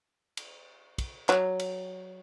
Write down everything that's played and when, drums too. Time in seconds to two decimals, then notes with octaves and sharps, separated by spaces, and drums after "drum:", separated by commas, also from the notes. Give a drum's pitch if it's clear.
0.37 drum: cymbal
0.98 drum: kick, cymbal
1.29 F#3, drum: clap
1.60 drum: cymbal